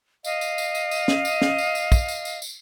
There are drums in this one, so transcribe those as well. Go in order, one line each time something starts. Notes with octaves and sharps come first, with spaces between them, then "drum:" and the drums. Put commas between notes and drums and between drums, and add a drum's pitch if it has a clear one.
D#5 F5, drum: tambourine
drum: tambourine
drum: tambourine
drum: tambourine
drum: tambourine
drum: snare
drum: tambourine
drum: snare
drum: tambourine
drum: tambourine
drum: kick, tambourine
drum: tambourine
drum: tambourine
drum: tambourine